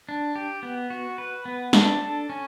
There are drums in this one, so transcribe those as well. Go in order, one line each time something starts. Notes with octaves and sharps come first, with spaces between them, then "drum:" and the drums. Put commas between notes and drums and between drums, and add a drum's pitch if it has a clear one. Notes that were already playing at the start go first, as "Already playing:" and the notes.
D4
G4
B3
F#4
B4
B3
D4, drum: snare
A4
C#4